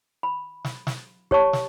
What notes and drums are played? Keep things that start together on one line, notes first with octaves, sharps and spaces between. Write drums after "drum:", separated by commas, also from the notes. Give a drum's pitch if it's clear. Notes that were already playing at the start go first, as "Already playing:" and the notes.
B5
drum: snare
drum: snare
G4 C#5 A5 C#6, drum: kick
drum: snare